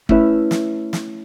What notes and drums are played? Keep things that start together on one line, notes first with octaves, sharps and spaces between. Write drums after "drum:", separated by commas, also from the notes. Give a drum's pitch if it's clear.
A3 C#4 E4 B4 E5, drum: kick
drum: snare
drum: snare